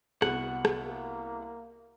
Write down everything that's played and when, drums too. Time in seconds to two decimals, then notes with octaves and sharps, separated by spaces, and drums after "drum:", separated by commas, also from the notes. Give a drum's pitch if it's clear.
0.22 C2 B3 F#4 F#5, drum: rim click
0.65 drum: rim click
0.74 A#3